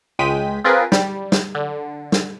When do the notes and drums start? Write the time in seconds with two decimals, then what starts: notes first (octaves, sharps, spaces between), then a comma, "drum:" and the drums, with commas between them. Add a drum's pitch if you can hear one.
0.19 C#2 G#3 G5 B6 D#7
0.64 C4 F4 G#4 A#4 B4
0.92 G3, drum: snare
1.32 drum: snare
1.55 D3
2.12 drum: snare